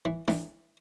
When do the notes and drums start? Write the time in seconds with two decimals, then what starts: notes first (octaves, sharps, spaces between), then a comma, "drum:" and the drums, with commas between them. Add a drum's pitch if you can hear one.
0.05 E3
0.28 E3, drum: snare D4